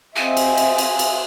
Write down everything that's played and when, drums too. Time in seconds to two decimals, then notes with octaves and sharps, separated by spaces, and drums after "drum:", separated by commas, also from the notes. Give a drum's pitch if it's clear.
0.16 C4 F4 G#4 D#5 E5 G#5 D6
0.37 drum: cymbal
0.57 drum: cymbal
0.78 drum: cymbal
0.99 drum: cymbal